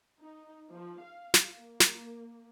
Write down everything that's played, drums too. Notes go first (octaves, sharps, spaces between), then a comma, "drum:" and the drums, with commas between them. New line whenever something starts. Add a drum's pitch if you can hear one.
D#4
F3
F5
drum: snare
A#3
drum: snare